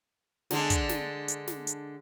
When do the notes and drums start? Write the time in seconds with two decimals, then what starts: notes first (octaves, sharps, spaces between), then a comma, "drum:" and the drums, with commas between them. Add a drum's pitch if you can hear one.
0.51 D3 G#3 D4, drum: snare
0.70 drum: kick, hi-hat
0.89 drum: snare
1.28 drum: hi-hat
1.48 drum: snare
1.67 drum: hi-hat